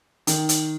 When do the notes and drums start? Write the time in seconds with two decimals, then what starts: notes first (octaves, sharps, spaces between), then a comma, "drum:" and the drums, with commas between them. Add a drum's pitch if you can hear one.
0.27 D#3, drum: hi-hat
0.49 drum: hi-hat